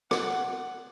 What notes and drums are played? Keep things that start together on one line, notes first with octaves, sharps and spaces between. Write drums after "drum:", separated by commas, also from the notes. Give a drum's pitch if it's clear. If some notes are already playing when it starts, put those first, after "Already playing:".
F#5, drum: rim click